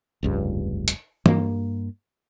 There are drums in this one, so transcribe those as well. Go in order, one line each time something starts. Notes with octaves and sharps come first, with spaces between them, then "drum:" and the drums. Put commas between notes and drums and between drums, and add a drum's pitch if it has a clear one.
F1 C#2 G2
drum: hi-hat
G2 A#3, drum: tom